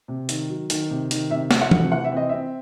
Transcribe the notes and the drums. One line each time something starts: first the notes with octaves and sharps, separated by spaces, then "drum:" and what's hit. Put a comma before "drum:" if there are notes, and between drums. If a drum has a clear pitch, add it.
C3
D#3, drum: hi-hat
F#3
D#3, drum: hi-hat
C3
D#3, drum: hi-hat
C3 E5
A3, drum: snare
F#5
C3, drum: tom E3
E3 F#5
E5
C4 D#5
C4 E5